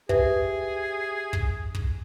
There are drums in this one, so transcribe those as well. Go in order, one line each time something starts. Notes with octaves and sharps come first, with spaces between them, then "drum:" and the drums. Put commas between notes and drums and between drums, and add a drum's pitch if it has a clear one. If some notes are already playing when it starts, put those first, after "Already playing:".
G4 G#4 B4 E5, drum: kick
drum: kick
drum: kick